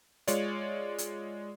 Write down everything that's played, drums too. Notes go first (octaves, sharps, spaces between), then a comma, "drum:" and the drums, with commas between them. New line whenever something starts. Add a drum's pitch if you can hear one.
G#3 F4 C#5 D5, drum: hi-hat
drum: hi-hat